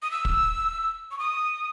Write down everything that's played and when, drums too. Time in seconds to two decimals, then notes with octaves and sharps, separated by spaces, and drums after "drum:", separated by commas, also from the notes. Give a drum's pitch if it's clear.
0.03 D#6
0.11 E6
0.25 drum: kick
1.11 C#6
1.19 D#6